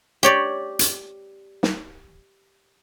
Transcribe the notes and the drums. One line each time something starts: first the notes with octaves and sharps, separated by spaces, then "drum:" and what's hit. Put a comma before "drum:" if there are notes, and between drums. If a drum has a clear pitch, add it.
G4 C#5 D5
drum: hi-hat
drum: snare